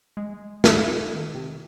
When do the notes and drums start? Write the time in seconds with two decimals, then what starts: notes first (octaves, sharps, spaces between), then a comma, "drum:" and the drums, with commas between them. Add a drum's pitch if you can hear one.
0.17 G#3
0.64 D#3, drum: snare
1.34 C3